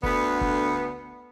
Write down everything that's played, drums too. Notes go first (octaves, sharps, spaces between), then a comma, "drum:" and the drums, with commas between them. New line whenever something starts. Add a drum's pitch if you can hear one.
D2 D3 B3, drum: kick
drum: kick